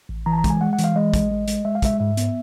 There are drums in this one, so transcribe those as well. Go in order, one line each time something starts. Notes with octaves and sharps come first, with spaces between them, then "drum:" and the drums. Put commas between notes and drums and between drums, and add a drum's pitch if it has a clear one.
A1
E3 A#5
A5
A#5
G#3, drum: kick, hi-hat
G#5
G#3 F#5
F#5
E3, drum: hi-hat
F5
G#3 D#5
A1, drum: kick, hi-hat
G#3
G#3, drum: hi-hat
G#3 E5
F5
G#3 E5, drum: kick, hi-hat
G#2 E5
B3, drum: hi-hat